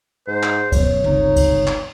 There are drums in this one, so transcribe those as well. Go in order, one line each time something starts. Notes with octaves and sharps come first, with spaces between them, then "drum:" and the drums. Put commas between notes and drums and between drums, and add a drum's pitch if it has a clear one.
G#2 C5
drum: clap
D1 F#2 B2 C#5, drum: kick C#2, cymbal
G1 C#2 C3 D#4, drum: tom
drum: kick C#2, cymbal
drum: clap